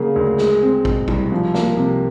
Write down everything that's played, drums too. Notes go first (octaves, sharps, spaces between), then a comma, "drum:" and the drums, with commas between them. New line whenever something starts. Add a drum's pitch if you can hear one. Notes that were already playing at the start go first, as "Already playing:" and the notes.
Already playing: C#3 F#3 A#3
D2
G#3, drum: snare
C4
B2, drum: kick
C2, drum: kick
F3
A#3, drum: snare
C3